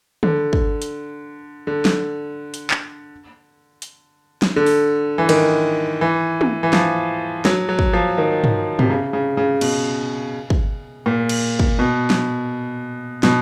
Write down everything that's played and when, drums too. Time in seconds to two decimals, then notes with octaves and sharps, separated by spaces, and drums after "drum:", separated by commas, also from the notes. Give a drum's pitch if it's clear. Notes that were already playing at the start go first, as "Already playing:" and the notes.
0.23 D3, drum: tom
0.53 drum: kick
0.82 drum: hi-hat
1.67 D3
1.85 drum: snare
2.54 drum: hi-hat
2.71 drum: clap
3.82 drum: hi-hat
4.42 drum: snare
4.56 D3
4.66 drum: open hi-hat
5.18 E3
5.29 D#3, drum: cymbal
6.01 E3
6.41 drum: tom
6.63 E3
6.73 F3, drum: snare
7.45 F#3, drum: snare
7.69 F#3
7.79 drum: kick
7.93 F3
8.18 D#3
8.44 drum: tom
8.79 C3, drum: tom
8.90 C#3
9.13 C#3
9.37 C#3
9.61 B2, drum: cymbal
10.50 drum: kick
11.06 A#2
11.29 drum: cymbal
11.59 drum: kick
11.79 B2
12.10 drum: snare
13.23 B2, drum: snare